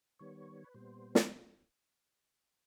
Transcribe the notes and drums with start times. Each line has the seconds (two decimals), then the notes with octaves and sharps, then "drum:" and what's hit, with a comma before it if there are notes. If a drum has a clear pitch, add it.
0.19 D#3 G3 B3 C#5
0.64 B4
0.74 A#2 G3 B3 C5
1.15 drum: snare